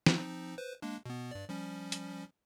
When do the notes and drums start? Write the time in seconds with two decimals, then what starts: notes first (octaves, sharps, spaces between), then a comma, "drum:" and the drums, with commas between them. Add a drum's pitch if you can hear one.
0.06 F3 C4 D#4, drum: snare
0.58 B4 C5
0.82 G#3 A#3 D4
1.06 B2 B3
1.31 G2 D5
1.49 F3 G3 C#4
1.92 drum: hi-hat